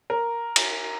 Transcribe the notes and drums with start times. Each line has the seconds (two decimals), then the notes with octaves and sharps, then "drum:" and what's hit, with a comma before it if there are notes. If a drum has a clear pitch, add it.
0.10 A#4
0.56 drum: cymbal